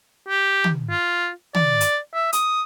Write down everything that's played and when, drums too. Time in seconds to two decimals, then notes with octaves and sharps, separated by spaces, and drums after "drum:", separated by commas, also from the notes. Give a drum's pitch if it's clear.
0.28 G4
0.64 drum: tom
0.90 F4
1.55 D5, drum: tom
1.81 drum: hi-hat
2.14 E5
2.33 D#6, drum: hi-hat